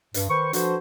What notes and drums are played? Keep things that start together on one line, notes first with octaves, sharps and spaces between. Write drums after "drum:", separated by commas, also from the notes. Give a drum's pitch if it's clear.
G2, drum: hi-hat
D#3 B4 C5 C#6
F3 D4 F#4 A4 B4 C5, drum: hi-hat